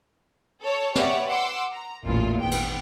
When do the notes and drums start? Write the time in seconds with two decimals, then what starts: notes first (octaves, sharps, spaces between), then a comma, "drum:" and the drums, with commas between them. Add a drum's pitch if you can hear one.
0.62 A4 C#5
0.95 G4 B4 C#5 D5 E5 F#5, drum: snare
1.28 F#5 C6 D6 E6
1.72 A#5
2.05 A1 E2 A#2 A#3 F4
2.41 G#1 B3 G5
2.51 drum: cymbal